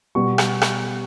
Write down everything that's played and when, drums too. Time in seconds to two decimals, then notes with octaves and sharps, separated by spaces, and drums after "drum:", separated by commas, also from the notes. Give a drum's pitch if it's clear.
0.15 B2 G3 B3 C#6
0.38 drum: rim click
0.62 drum: rim click